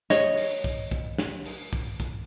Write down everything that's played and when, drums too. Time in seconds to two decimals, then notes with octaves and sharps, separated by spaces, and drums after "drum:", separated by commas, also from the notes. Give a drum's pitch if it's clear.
0.10 C#5 D#5, drum: snare
0.37 drum: open hi-hat
0.64 drum: kick
0.91 drum: kick, hi-hat
1.18 drum: snare
1.46 drum: open hi-hat
1.73 drum: kick
2.00 drum: kick, hi-hat